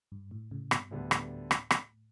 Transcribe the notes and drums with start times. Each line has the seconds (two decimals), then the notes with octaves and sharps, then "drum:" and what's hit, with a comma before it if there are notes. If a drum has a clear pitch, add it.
0.12 G2
0.31 A2
0.51 A2 C#3
0.71 G2 B2, drum: rim click
0.91 D2 A2 D3 G3 B3
1.11 drum: rim click
1.51 drum: rim click
1.71 drum: rim click